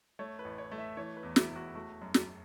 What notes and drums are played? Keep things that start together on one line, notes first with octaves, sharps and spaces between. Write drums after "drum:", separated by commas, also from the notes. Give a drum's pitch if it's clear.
A3 C#5
B4
A1
C#5
A3
E5
E3 C#5
B4
E2
E4, drum: snare
E1
F#4
A3 F#4
F#2
drum: snare